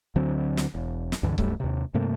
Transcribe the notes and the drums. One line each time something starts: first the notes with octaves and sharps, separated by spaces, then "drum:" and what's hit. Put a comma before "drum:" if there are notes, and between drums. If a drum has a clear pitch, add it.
D2 D3 F#3 C4
drum: snare
E1
drum: snare
C#2 G2 D3 E3
C2 F#2 G3 A3, drum: kick C#1
D#2 C3
G2 C3 A3 A#3